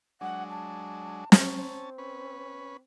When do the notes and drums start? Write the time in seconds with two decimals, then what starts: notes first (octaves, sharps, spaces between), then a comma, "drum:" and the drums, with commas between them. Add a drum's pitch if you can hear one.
0.21 F#3 G#3 D4 F#5
0.50 A5
1.32 C4 C#4 A5, drum: snare
1.98 C#4 B4